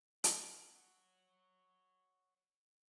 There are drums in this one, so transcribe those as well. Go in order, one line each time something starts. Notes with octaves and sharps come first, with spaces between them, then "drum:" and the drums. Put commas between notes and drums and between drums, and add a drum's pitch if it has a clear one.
C#5 F#5, drum: hi-hat